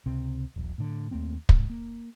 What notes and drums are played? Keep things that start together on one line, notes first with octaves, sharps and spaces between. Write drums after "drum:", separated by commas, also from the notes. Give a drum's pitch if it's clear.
C#2 C3 C4
D#1 A#1
A2 D3
D#2 A3 A#3 C4
C2 G#2, drum: kick
A#3